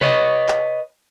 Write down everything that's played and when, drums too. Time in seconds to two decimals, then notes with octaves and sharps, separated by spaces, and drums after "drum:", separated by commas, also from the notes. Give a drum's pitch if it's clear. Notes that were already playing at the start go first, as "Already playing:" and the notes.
0.01 B4 C#5 D#5, drum: tom C3
0.49 drum: clap